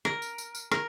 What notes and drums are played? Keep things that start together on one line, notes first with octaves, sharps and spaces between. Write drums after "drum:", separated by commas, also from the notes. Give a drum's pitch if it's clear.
A#4, drum: rim click
drum: tambourine
drum: tambourine
drum: tambourine
A#4, drum: rim click